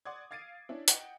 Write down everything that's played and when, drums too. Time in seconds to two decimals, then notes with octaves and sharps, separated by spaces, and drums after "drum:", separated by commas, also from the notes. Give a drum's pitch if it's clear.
0.05 D5 F#5 C6 D6 D#6 G#6
0.31 F5 G#6 A6 C7 D7 D#7
0.69 C#4 D4 E4
0.88 D#5 F#5 G5, drum: hi-hat